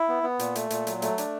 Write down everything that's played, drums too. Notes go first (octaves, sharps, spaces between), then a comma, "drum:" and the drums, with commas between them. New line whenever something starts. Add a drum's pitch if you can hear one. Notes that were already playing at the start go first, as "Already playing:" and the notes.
Already playing: E4
B3
B3
A#2, drum: hi-hat
A3, drum: hi-hat
A#2, drum: hi-hat
F#3, drum: hi-hat
A3, drum: hi-hat
D4, drum: hi-hat